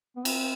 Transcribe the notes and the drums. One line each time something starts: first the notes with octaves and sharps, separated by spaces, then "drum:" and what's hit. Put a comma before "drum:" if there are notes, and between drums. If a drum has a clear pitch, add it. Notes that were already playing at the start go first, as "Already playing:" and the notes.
B3
C4, drum: cymbal